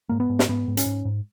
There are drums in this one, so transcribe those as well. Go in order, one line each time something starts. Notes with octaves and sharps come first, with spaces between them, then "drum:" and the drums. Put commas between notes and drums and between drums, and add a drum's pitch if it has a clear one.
G#2 A#3
B3
G#2
drum: snare
G#2 B3
G#2
C#4, drum: hi-hat
G#2
G#2